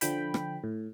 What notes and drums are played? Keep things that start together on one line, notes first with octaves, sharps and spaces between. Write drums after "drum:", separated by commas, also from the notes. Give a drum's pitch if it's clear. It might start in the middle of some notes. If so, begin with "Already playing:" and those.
D3 F3 G5 B5, drum: hi-hat
drum: rim click
A2